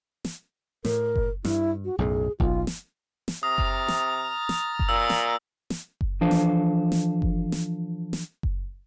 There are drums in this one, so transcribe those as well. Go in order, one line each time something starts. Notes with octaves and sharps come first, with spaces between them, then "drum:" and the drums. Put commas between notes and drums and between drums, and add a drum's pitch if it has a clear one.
drum: snare
A2 A#4, drum: snare
drum: kick F#1
G2 E4, drum: snare
F#4
B1 F#2 A2 G#4
B1 F4, drum: kick F#1
drum: snare
drum: snare
C3 A#5 D#6 F6 A6
drum: kick F#1
drum: snare
drum: snare
drum: kick F#1
A#2 E6
drum: snare
drum: snare
drum: kick F#1
E3 F3 D4 A4 C5 F5
drum: snare
drum: snare
drum: kick F#1
drum: snare
drum: snare
drum: kick F#1